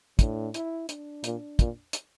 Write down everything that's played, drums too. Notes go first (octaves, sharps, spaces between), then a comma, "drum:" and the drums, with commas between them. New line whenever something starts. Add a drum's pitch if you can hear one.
A2 D4, drum: kick, hi-hat
E4, drum: hi-hat
D4, drum: hi-hat
A#2, drum: hi-hat
A#2, drum: kick, hi-hat
drum: hi-hat